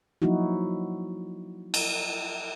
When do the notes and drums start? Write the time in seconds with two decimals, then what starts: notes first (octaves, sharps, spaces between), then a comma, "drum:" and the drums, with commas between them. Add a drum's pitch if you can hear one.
0.22 F3 F#3 A#3 D#4 E4 F#4
1.74 drum: cymbal